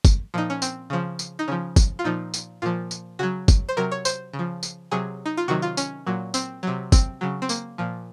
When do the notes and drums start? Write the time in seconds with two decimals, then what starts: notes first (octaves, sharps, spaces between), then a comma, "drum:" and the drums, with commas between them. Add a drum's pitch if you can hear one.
0.05 drum: kick, tambourine
0.34 A#2 F3 D#4
0.50 C#4
0.62 C4, drum: tambourine
0.90 C#3 F3
1.19 drum: tambourine
1.39 D#4
1.48 C#3 F3 C#4
1.76 drum: kick, tambourine
1.99 F4
2.04 A#2 F3 D#4
2.34 drum: tambourine
2.62 A#2 F3 F4
2.91 drum: tambourine
3.19 C#3 F#3 F#4
3.48 drum: kick, tambourine
3.69 C5
3.77 C3 F#3 A#4
3.92 C#5
4.05 C5, drum: tambourine
4.33 C#3
4.39 F3
4.63 drum: tambourine
4.91 C3 F#3 G#4
5.26 D#4
5.37 F4
5.48 C3 D#3 F#3 F#4
5.62 F4
5.77 C#4, drum: tambourine
6.06 A#2 F#3
6.34 C4, drum: tambourine
6.63 C3 F#3
6.92 C4, drum: kick, tambourine
7.21 C#3 F#3
7.42 C4
7.49 A#3, drum: tambourine
7.78 A#2 F3